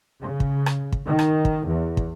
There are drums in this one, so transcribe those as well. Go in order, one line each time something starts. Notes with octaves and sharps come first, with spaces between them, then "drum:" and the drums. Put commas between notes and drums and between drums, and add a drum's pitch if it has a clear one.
C#3
drum: kick
drum: rim click
drum: kick
D#3
drum: rim click
drum: kick
E2
drum: kick